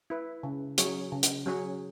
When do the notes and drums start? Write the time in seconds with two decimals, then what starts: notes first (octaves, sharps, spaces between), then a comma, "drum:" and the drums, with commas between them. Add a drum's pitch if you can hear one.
0.10 E4 B4
0.43 C#3
0.78 F#3 C#4 G#4 C#5, drum: hi-hat
1.12 C#3
1.23 drum: hi-hat
1.46 F#3 C#4 G#4 C#5